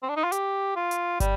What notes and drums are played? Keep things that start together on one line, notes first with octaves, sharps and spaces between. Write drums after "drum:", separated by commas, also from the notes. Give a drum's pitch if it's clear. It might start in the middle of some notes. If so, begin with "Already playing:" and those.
C4
D4
D#4
F4
G4, drum: hi-hat
F4
drum: hi-hat
G3, drum: kick, hi-hat